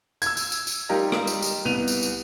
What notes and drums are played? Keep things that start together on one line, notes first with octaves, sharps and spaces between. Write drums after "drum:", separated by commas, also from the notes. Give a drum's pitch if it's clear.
E6 G#6, drum: tambourine
drum: tambourine
drum: tambourine
drum: tambourine
G3 D#4 F4 G4 A#4
drum: rim click
drum: tambourine
drum: tambourine
C2 B3 D#7 F7
drum: tambourine
drum: tambourine